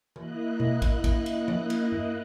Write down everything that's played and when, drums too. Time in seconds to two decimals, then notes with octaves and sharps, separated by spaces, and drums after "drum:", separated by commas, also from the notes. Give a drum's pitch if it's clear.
0.16 A#3 E4 D#5 F#6, drum: tom E3
0.60 drum: tom B2
0.82 drum: kick, cymbal
1.04 drum: kick, cymbal
1.26 drum: cymbal
1.48 drum: tom F3
1.70 drum: cymbal
1.92 drum: tom G2